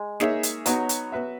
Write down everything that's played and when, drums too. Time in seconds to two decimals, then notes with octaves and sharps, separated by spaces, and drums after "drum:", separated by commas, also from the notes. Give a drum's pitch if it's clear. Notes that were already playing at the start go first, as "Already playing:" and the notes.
Already playing: G#3
0.20 A#3 D#4 G#4 C#5 E5, drum: snare
0.43 drum: hi-hat
0.66 F#3 B3 D#4 F#4 C#5, drum: hi-hat
0.89 drum: hi-hat
1.12 B3 F#4 B4 E5